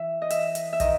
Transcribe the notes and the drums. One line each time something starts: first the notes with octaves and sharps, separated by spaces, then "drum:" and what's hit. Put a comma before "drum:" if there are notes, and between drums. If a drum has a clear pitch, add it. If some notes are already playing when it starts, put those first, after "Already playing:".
Already playing: E3 E5
D#5
E5, drum: hi-hat
drum: hi-hat
E5
D#3 D#5, drum: kick, hi-hat